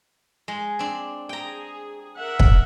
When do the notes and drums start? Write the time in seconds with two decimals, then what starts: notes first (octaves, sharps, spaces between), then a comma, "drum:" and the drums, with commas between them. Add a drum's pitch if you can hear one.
0.48 G#3
0.79 C4 D4
1.29 G#4 G5 A#5
2.17 A#4 E5 F#5
2.40 drum: kick